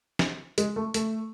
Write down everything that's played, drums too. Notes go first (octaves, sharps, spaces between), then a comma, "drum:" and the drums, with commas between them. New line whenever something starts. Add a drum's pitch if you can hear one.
drum: snare
G#3, drum: hi-hat
A3
A3, drum: hi-hat